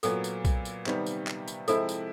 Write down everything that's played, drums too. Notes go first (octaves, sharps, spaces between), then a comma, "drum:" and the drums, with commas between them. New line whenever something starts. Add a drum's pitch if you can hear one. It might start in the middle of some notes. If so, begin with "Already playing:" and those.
A#2 F#3 B3 A4, drum: tambourine
drum: tambourine
drum: kick B1, tambourine
drum: tambourine
C3 D#3 G3 B3, drum: clap
drum: tambourine
drum: clap
drum: tambourine
C3 F3 G#3 C4 E4 A4, drum: tambourine
drum: tambourine